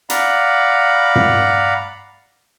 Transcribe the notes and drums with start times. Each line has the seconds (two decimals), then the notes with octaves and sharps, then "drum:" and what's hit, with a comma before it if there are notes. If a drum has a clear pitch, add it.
0.10 D5 F5 F#5 A#5 B5, drum: hi-hat
1.16 drum: tom